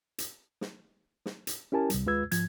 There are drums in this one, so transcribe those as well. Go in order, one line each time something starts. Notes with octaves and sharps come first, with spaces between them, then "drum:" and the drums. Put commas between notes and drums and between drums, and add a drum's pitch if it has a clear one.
drum: hi-hat
drum: snare
drum: snare
drum: hi-hat
C#4 E4 G4 A#4 G#5 A5
C2 G3, drum: hi-hat
D#2 G#3 F4 B4 E6 G#6
G#2 F3 G#6, drum: hi-hat